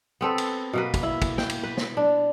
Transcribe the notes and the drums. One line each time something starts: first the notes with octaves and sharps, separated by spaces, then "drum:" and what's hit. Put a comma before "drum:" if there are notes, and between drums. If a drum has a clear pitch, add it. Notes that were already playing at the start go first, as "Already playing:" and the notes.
B3 C4 A4 B4
drum: cymbal
B2 A#3 B4
drum: kick, cymbal
E4
drum: kick, cymbal
G5, drum: snare
drum: cymbal
B4
drum: snare
D4